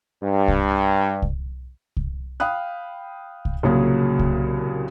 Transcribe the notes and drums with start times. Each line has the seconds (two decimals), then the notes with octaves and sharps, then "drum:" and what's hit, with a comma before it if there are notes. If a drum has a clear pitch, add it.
0.23 G2
0.48 drum: kick C2
1.22 drum: kick C2
1.97 drum: kick C2
2.40 F5 G5 B5 D#6 F#6
3.45 drum: kick C2
3.63 C2 A#2 C#3 F#3 G#4
4.19 drum: kick C2